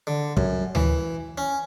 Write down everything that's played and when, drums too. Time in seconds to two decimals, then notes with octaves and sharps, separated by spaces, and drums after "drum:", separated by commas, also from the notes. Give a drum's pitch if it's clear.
0.07 D3
0.37 F#2, drum: kick
0.75 E3, drum: tom D2
1.38 C#4